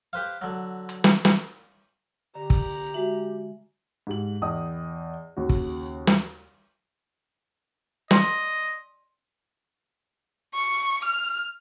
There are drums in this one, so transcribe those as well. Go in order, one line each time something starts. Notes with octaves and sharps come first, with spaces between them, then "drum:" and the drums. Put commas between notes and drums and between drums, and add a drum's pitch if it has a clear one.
G4 B4 C5 F5
D3 F#3
drum: hi-hat
drum: snare
drum: snare
D3 G4 A#5
drum: kick
G#3 F#4 E5 F#7
G#2 G4 F#7
E2 D#5 G5 D#6
D#2 C#3 F#4
drum: kick
drum: snare
D5 D#5 C6, drum: snare
C#6
F6